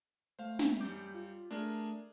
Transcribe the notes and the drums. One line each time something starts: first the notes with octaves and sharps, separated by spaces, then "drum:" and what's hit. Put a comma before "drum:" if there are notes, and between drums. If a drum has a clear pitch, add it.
A3 C5 F5
drum: snare
F#2 G3 D6 G6
F4
A3 D4 G#4 A#4